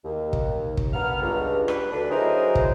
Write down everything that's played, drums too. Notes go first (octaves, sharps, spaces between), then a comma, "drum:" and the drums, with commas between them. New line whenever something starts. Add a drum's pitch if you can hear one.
D#2
drum: kick
drum: kick
G2 B3 F#5 A#5 F6
C#2 G2
B4, drum: rim click
D2 D4 B4
F#3 D#4 E4 G#4 A#4 C5
drum: kick